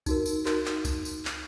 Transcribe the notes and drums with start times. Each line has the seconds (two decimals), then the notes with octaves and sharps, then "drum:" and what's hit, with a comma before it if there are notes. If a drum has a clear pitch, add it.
0.06 D#4 F#4 A#4, drum: kick C2, tambourine
0.26 drum: tambourine
0.46 D#4 F#4 A#4, drum: clap
0.65 drum: clap
0.85 D#4, drum: kick C2, tambourine
1.05 drum: tambourine
1.25 drum: clap